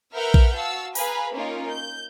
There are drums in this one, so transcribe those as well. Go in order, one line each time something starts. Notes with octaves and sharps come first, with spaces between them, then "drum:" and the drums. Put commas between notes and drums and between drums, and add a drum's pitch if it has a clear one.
A#4 B4 E5 F#5 F6 G6
drum: kick A#1
F#4 F5 A5 E6
G#4 B4 F5 G#5 A#5 B5, drum: open hi-hat
A#3 C#4 D#4 F4 A#4
G6